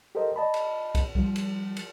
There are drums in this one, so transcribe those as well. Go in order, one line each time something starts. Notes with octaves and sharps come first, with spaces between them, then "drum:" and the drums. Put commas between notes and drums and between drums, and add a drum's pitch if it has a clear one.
G4 A4 A#4 C5 D#5
D5 D#5 A5 B5
drum: cymbal
drum: kick, cymbal
F3 G3, drum: kick
drum: cymbal
drum: cymbal